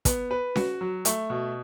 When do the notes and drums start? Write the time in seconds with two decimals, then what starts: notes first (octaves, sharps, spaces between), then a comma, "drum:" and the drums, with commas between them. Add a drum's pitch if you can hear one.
0.05 B3, drum: kick, hi-hat
0.31 B4
0.56 F#4, drum: snare C#4
0.81 F#3
1.05 A3, drum: hi-hat
1.30 B2